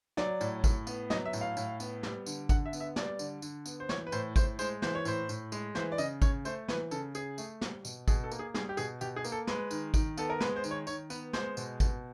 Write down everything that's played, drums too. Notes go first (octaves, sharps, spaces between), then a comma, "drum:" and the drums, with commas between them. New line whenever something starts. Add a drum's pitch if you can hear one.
F#3 D5, drum: snare
A2, drum: tambourine
A2, drum: kick G#1, tambourine
B3, drum: tambourine
F#3 D#5, drum: snare
E5
A2, drum: tambourine
F5
A2, drum: tambourine
B3, drum: tambourine
G3, drum: snare
D3, drum: tambourine
D3 F#5, drum: kick G#1, tambourine
E5
B3, drum: tambourine
E5
G3 D5, drum: snare
D3, drum: tambourine
D3, drum: tambourine
B3, drum: tambourine
C5
E3 C#5, drum: snare
B4
A2 C5, drum: tambourine
A2 C5, drum: kick G#1, tambourine
G#3 C5, drum: tambourine
E3 C5, drum: snare
C#5
A2 C5, drum: tambourine
A2, drum: tambourine
G#3, drum: tambourine
E3 C5, drum: snare
D5
C#3 D#5, drum: tambourine
C#3 C#5, drum: kick G#1, tambourine
A3 C5, drum: tambourine
E3 B4, drum: snare
C#3 A4, drum: tambourine
C#3 G#4, drum: tambourine
A3, drum: tambourine
G3, drum: snare
B2, drum: tambourine
B2 G#4, drum: kick G#1, tambourine
A4
A#3, drum: tambourine
G#4
G3 G#4, drum: snare
G4
B2 G#4, drum: tambourine
B2 G4, drum: tambourine
G#4
A#3, drum: tambourine
A4
G#3 B4, drum: snare
D#3, drum: tambourine
D#3, drum: kick G#1, tambourine
B3 A4, drum: tambourine
A#4
G#3 B4, drum: snare
C5
D#3, drum: tambourine
C#5
D#3 C#5, drum: tambourine
B3 B4, drum: tambourine
G#3 C5, drum: snare
B2, drum: tambourine
B2, drum: kick G#1, tambourine